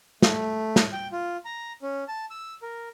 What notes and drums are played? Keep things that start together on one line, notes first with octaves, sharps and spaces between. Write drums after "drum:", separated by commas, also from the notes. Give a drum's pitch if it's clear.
A3, drum: snare
drum: snare
G5
F4
A#5
C#4
A5
E6
A#4